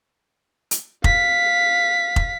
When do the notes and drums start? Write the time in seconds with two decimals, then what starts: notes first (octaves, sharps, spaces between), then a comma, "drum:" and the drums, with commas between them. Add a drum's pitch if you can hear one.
0.71 drum: hi-hat
1.04 F5 B6, drum: kick F1
2.16 drum: kick F1